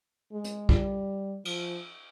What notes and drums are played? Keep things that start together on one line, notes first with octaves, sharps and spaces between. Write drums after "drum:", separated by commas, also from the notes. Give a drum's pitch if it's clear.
G#3
drum: hi-hat
G3, drum: kick A#1
F3, drum: cymbal